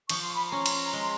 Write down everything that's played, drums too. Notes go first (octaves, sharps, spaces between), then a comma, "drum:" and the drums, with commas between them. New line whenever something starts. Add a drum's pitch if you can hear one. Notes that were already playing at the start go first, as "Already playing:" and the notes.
F3 C#6, drum: cymbal
C6
B5
A#5 C6
C#4
drum: cymbal
G#3